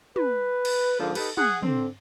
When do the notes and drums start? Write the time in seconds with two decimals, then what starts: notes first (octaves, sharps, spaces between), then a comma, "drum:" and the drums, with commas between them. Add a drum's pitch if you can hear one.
0.16 B4, drum: tom
0.65 drum: cymbal
0.99 G#2 D3 F3 A#3
1.15 D#4 G4 A4 B4, drum: cymbal
1.37 G#4 F#5, drum: tom
1.63 D3 C4, drum: tom